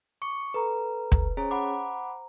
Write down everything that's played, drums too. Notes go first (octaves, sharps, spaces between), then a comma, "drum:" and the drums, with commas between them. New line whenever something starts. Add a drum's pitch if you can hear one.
C#6 D6 C#7
A4 B4 A#5
drum: kick
C#4 G#4 C5 C#5 A#5
F#5 B5 D6